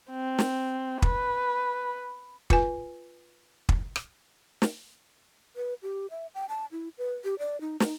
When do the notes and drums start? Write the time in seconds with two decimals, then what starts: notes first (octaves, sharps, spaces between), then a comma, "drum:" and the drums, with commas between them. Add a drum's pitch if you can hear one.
0.10 C4
0.39 drum: snare
1.02 B4, drum: kick
2.50 F4 B4 G#5, drum: kick
3.69 drum: kick
3.96 drum: rim click
4.62 drum: snare
5.56 B4
5.83 G4
6.10 E5
6.35 G5
6.49 A5
6.72 E4
6.98 B4
7.24 G4
7.39 D5
7.61 D#4
7.80 D#4, drum: snare